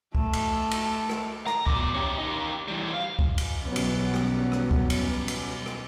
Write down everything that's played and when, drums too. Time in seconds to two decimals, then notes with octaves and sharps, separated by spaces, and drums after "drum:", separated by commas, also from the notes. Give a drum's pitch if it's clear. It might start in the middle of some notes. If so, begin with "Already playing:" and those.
0.15 A3, drum: kick C2
0.33 drum: cymbal
0.71 drum: cymbal
1.09 drum: rim click
1.46 A#5, drum: rim click
1.67 B2 D5, drum: kick C2
1.95 C#4 G4
2.18 D#4 G4
2.68 E3 G3
2.94 F5
3.19 drum: kick C2
3.38 drum: cymbal
3.64 B1 E2 F#3 G3 B3 C#4
3.76 drum: cymbal
4.14 drum: rim click
4.52 drum: rim click
4.71 drum: kick C2
4.90 drum: cymbal
5.28 drum: cymbal
5.66 drum: rim click